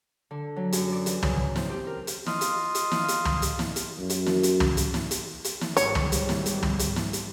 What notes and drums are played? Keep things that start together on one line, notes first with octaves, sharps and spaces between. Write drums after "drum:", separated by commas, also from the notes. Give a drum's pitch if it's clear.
D3
F#3
F#2, drum: hi-hat
D5
E3, drum: hi-hat
C#3, drum: tom
F#2
C4, drum: snare
G4
A#4
drum: hi-hat
F4 D#5 F5, drum: snare
drum: hi-hat
drum: hi-hat
drum: snare
drum: hi-hat
drum: tom
drum: hi-hat
drum: snare
drum: hi-hat
F#2
drum: hi-hat
drum: snare
drum: hi-hat
drum: tom
drum: hi-hat
drum: snare
drum: hi-hat
drum: hi-hat
drum: snare
G#1 G3 C#5, drum: hi-hat
drum: tom
drum: hi-hat
drum: snare
drum: hi-hat
drum: tom
drum: hi-hat
drum: snare
drum: hi-hat